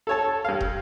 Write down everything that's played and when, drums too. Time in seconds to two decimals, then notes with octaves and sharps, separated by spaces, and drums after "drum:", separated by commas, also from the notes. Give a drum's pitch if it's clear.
0.07 A4 C#5 A5
0.44 G2 F5
0.61 drum: kick